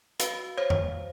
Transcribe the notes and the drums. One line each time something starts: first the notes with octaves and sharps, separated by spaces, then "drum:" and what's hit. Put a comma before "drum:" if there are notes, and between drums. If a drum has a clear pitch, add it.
F#4 B4 F5, drum: hi-hat
C5 C#5 F5
drum: tom F2